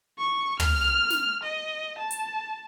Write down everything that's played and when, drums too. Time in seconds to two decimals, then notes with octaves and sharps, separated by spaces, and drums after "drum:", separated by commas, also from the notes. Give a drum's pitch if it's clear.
0.18 C#6
0.60 F6, drum: tom
1.10 drum: snare
1.43 D#5
1.98 A5
2.11 drum: hi-hat